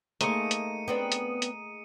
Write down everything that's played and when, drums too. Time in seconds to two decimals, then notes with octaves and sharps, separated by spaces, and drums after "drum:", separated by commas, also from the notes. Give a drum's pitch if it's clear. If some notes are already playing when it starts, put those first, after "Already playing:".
0.21 A3 A#3 D#4 G#4 C5 D#5 C#7 D#7, drum: hi-hat
0.51 drum: hi-hat
0.88 B3 C4 D4
1.12 drum: hi-hat
1.42 drum: hi-hat